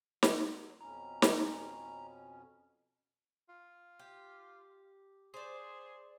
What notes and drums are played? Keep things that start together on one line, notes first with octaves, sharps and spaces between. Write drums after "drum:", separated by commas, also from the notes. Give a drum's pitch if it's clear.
F#3, drum: snare
F2 B2 C#4 A#5
drum: snare
F4
G4
G#4 C5 D5